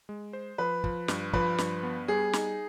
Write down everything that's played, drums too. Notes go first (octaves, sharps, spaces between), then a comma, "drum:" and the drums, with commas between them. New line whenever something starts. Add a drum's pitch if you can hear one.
G#3
C5
F3 B4
F3, drum: kick
G2, drum: snare
F3 B4, drum: kick
G2, drum: snare
B3
G3 G#4
D#4, drum: snare